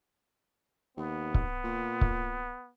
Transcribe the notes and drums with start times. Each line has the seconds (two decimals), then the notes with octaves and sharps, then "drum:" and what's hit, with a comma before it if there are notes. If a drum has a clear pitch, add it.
0.97 D#2 B3
1.34 drum: kick C#1
1.64 A#2
2.01 drum: kick C#1